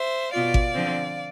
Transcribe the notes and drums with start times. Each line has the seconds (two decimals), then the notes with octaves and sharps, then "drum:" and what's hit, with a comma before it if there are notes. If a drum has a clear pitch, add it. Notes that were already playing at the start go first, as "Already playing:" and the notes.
Already playing: C5 E5
0.32 B2 B3 F4 D5 F5
0.54 drum: kick G#1
0.74 D3 F3 C4